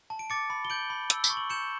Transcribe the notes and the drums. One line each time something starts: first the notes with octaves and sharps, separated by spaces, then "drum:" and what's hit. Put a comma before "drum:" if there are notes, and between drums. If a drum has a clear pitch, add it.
A5
D7
D6 A6 C#7
B5
G7
G6 D7 F#7
B5
E6, drum: hi-hat
G7, drum: tambourine
C#6
F#7
G6 C#7 E7